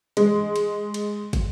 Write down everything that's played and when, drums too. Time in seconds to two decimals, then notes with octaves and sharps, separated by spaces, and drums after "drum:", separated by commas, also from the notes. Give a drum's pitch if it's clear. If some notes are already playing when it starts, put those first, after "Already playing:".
0.17 G#3, drum: cymbal
0.56 drum: cymbal
0.94 drum: cymbal
1.33 drum: kick, cymbal